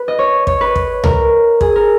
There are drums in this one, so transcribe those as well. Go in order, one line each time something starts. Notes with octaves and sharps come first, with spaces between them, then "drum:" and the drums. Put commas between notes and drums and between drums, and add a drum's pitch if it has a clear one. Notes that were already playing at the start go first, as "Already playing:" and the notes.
Already playing: B4
D#5
C#5
C#5, drum: kick
B4
drum: kick
A#4, drum: tom C#2
G#4, drum: kick
A#4